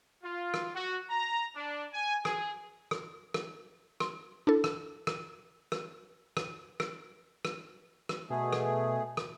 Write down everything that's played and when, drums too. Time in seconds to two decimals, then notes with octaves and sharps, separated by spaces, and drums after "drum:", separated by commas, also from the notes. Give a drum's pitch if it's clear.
0.24 F4
0.54 drum: rim click
0.75 F#4
1.10 A#5
1.55 D4
1.93 G#5
2.25 G#4, drum: rim click
2.91 drum: rim click
3.34 drum: rim click
4.00 C6, drum: rim click
4.47 D4 E4 A4
4.64 drum: rim click
5.07 drum: rim click
5.72 drum: rim click
6.37 drum: rim click
6.80 drum: rim click
7.45 drum: rim click
8.09 drum: rim click
8.30 B2 A3 G#4
8.53 drum: rim click
9.17 drum: rim click